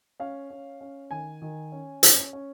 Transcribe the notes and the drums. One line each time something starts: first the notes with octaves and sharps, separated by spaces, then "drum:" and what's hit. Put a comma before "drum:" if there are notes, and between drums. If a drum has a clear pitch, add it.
C#4 F5
C#4
C#4
D#3 G#5
D#3
C#4
C#4, drum: hi-hat
C#4